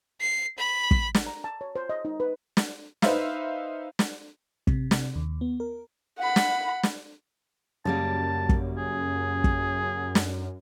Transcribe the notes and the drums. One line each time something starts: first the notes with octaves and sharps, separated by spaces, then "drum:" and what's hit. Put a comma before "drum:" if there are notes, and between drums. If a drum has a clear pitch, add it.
C7
B5
drum: kick
drum: snare
A#5
A5
C#5
C5
D#5
D#4
B4
drum: snare
D#4 B4 C5 E5 F5, drum: snare
drum: snare
C3, drum: kick
C3, drum: snare
D#2
B3
A#4
F#5 B5
drum: snare
drum: snare
F#2 C#3 G3 A#3 A5
drum: kick
G#4
drum: kick
drum: snare